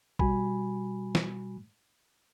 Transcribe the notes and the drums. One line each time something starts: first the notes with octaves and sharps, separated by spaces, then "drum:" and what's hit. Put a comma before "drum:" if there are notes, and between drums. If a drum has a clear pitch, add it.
B2 G3 F#4 G#5 B5, drum: kick
drum: snare